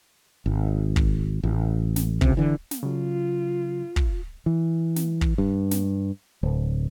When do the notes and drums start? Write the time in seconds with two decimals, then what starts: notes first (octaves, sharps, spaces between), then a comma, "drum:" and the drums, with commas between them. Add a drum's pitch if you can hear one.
0.46 G#1
0.96 drum: kick
1.43 A1
1.96 drum: snare
2.21 C#2 C3, drum: kick
2.37 D3 E3
2.71 drum: snare
2.83 C#3 F#3 F4
3.96 drum: kick
4.46 E3
4.96 drum: snare
5.21 drum: kick
5.38 G2
5.71 drum: snare
6.43 D1